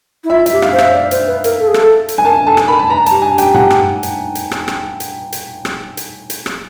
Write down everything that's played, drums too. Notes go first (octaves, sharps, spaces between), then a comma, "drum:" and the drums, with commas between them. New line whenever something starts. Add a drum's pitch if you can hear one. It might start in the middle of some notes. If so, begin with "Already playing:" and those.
E4
F4 E5
E5, drum: hi-hat
G4
F5, drum: rim click
C5
E5, drum: rim click
C#5
D5
C5, drum: hi-hat
B4
A#4, drum: hi-hat
A4
G#4
A4, drum: rim click
drum: hi-hat
G#5
A#4 A5
A4 A5
drum: rim click
A#4 B5
A5
B4 A#5
G4 A5, drum: hi-hat
G#5
G4
G5, drum: hi-hat
F#5, drum: tom G2
drum: rim click
drum: hi-hat
drum: hi-hat
drum: rim click
drum: rim click
drum: hi-hat
drum: hi-hat
drum: rim click
drum: hi-hat
drum: hi-hat
drum: rim click